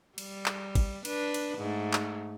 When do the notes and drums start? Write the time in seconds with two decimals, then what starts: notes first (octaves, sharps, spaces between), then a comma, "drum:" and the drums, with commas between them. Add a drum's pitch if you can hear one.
0.18 G3, drum: cymbal
0.46 drum: clap
0.75 drum: kick, cymbal
1.05 D4 B4, drum: cymbal
1.34 drum: cymbal
1.58 G#2 A3
1.93 drum: clap